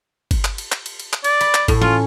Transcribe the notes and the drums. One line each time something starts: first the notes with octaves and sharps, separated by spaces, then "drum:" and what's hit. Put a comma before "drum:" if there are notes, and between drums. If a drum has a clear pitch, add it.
drum: kick G1, cymbal
drum: clap
drum: cymbal
drum: clap
drum: cymbal
drum: cymbal
drum: clap
D5, drum: cymbal
B5, drum: cymbal
drum: clap
A2, drum: kick G1, cymbal
C#4 F4, drum: tom E3